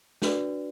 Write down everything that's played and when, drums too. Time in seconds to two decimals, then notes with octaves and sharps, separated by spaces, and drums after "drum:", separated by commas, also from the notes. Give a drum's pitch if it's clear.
0.22 D4 F#4 B4 D5, drum: snare